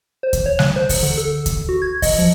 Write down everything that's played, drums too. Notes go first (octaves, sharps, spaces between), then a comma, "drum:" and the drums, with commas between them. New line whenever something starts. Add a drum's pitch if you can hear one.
C5
drum: kick D2, hi-hat
C#5
F#6, drum: snare G3
C5
drum: kick D2, open hi-hat
D3
A4
drum: kick D2, hi-hat
F#4
G#6
D#5, drum: kick D2, open hi-hat
F3